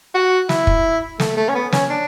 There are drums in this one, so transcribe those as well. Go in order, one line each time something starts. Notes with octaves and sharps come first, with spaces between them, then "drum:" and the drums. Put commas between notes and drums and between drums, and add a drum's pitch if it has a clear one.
F#4
E4, drum: snare
drum: kick
A3, drum: snare
A3
C#4
B3
C#4, drum: snare
D4